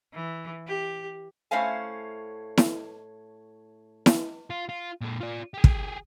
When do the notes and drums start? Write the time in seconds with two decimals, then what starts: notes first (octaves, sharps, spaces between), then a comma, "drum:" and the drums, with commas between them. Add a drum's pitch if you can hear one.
0.13 E3
0.67 G4
1.51 A2 A3 C#4 C5 F5 G#5
2.57 drum: snare E4
4.06 drum: snare E4
4.50 F4
4.69 F4
5.01 A#2 A4
5.21 F4 D5
5.54 G4 G#4
5.64 drum: kick